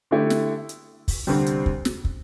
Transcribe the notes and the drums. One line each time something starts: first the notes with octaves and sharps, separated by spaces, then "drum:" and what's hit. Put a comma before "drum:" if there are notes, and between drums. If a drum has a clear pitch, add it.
D3 A3 E4 G4
drum: snare
drum: hi-hat
drum: kick, open hi-hat
D2 C3 G3 C4
drum: hi-hat
drum: kick
drum: snare
drum: kick